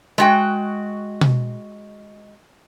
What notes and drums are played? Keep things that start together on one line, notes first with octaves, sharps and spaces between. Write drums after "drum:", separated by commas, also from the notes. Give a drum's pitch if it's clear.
G#3 F#4 G5
drum: tom B2